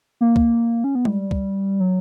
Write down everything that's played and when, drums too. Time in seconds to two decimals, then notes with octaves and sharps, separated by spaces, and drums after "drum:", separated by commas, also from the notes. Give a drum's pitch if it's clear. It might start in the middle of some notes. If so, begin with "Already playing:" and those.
0.21 A#3
0.36 drum: kick
0.84 C#4
0.95 B3
1.05 G3, drum: tom G#3
1.31 drum: kick
1.80 F#3